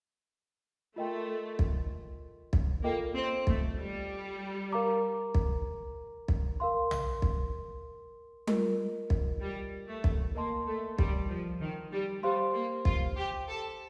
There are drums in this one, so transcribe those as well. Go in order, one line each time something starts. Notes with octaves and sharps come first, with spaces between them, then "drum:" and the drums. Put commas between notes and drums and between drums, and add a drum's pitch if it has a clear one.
A3 F4 A#4 D#5 G5 C6
drum: kick
drum: kick
A#3 F4 A4 D#5 G5 D6
C4
A3, drum: kick
G3
A#4 F5 A#5 D6
drum: kick
drum: kick
A#4 F5 C6
drum: tom
drum: kick
F4 A#4 D#5, drum: tom G3
drum: kick
G3
A3
drum: kick
A#3 A#4 D#5 A5 C6
A3
G3, drum: kick
F3
D#3
G3
G3 G4 C5 F5 C6
A#3
F4, drum: kick
G4
A4